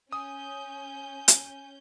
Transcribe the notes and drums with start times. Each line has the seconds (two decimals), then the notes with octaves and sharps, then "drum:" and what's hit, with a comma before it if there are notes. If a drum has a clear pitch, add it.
0.13 C#4 G#5 D#6 G6
1.28 drum: hi-hat